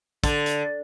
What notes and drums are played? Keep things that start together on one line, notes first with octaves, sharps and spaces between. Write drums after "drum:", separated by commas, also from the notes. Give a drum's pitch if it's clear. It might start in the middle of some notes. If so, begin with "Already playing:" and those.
D3, drum: kick, hi-hat
drum: hi-hat